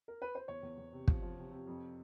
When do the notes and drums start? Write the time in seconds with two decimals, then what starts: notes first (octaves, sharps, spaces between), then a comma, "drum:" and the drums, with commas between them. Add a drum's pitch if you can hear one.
0.08 A#4
0.22 B4
0.35 C5
0.48 E2 C#5
0.63 E2
0.77 E2
0.93 C3
1.08 F3, drum: kick
1.22 F3
1.37 C3
1.52 C3
1.67 F2